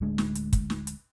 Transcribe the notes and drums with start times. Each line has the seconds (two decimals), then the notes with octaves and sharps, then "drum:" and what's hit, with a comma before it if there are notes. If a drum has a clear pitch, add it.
0.01 D1 D2 G#3 D4
0.18 drum: snare
0.35 drum: hi-hat
0.53 drum: kick, hi-hat
0.70 drum: snare
0.87 drum: hi-hat